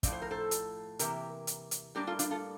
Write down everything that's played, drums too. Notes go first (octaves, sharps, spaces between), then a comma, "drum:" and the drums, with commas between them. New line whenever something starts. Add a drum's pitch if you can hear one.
A2 F3 C4 D5, drum: kick, hi-hat
C5
A#4
A4 C5
drum: hi-hat
C3 E3 A#3 G4 A#4, drum: hi-hat
drum: hi-hat
drum: hi-hat
A2 G3 A#3 D4 G4 A#4
F4 A4
D4 F4, drum: hi-hat
F4 A4